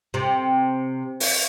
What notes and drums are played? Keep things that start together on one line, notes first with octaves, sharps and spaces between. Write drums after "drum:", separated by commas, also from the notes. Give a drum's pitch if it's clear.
C3
drum: open hi-hat